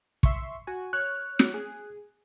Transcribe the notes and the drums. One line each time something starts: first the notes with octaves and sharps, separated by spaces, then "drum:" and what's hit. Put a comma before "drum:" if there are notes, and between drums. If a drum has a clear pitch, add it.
E5 C6 C#6, drum: kick
F#4 G#5
C#5 F6 F#6
drum: snare
G#4